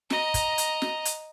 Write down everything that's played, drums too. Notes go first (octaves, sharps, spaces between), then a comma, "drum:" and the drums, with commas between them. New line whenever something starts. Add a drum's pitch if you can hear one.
D#5 A#5, drum: snare
drum: kick, hi-hat
drum: hi-hat
drum: snare
drum: hi-hat